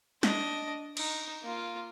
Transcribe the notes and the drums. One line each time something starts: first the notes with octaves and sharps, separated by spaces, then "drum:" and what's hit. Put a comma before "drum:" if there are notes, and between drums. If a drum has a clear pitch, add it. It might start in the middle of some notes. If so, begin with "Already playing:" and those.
D4 D#5, drum: snare
D#4, drum: cymbal
A#3 F4